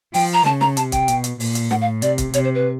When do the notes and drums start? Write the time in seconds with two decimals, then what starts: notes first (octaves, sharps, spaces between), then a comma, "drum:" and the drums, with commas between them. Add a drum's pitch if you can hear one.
0.14 F3 G5, drum: open hi-hat
0.34 A#5
0.45 C#3 A5, drum: snare
0.61 A#5, drum: snare
0.77 C3 A5, drum: hi-hat
0.92 G5, drum: kick, hi-hat
1.08 B2, drum: hi-hat
1.24 drum: hi-hat
1.40 A#2, drum: open hi-hat
1.55 drum: hi-hat
1.71 A2 F#5, drum: snare
1.81 F5
2.02 C3 D5, drum: hi-hat
2.18 drum: kick, hi-hat
2.34 C3 C#5, drum: hi-hat
2.44 C5
2.55 B4